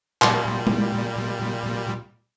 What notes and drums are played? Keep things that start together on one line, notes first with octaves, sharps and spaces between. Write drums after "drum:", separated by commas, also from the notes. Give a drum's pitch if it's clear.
A#2 G3, drum: clap
drum: tom